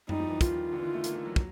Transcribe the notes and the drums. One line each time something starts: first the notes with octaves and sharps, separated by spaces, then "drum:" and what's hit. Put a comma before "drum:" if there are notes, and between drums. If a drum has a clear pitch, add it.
G3 D#4, drum: tom F#2
F3
E3
D#3 F4, drum: kick, hi-hat
D3
E3
D#3
A3
A#3, drum: hi-hat
A3
F#3
drum: kick